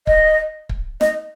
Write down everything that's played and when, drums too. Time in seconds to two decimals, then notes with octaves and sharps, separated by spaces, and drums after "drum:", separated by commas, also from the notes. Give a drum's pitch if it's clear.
0.07 D#5, drum: kick
0.69 drum: kick
1.01 D#5, drum: snare